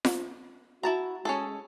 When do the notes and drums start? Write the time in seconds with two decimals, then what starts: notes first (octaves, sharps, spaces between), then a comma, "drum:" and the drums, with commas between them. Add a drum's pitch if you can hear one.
0.05 drum: snare F4
0.83 E4 F#4 A5 A#5
1.25 G#3 C#4 G#4 A4